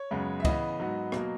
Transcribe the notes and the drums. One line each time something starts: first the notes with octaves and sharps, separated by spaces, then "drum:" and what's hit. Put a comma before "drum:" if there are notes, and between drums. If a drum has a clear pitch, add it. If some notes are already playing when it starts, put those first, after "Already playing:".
Already playing: C#5
F#2 C#3 G#3 B3
E5
C#3 E3 B3 D#5, drum: kick C#2, cymbal
G#2 F#3 B3
B2 F#3 A#3, drum: rim click